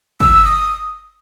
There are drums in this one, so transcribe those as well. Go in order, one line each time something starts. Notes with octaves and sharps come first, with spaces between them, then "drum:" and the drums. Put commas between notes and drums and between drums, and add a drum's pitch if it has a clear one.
E6, drum: kick
D#6